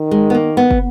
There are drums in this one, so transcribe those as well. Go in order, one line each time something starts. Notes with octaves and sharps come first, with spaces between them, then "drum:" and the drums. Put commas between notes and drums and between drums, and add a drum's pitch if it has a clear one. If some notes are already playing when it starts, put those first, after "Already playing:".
Already playing: D#3
G#3
B3
A#3
B3
drum: kick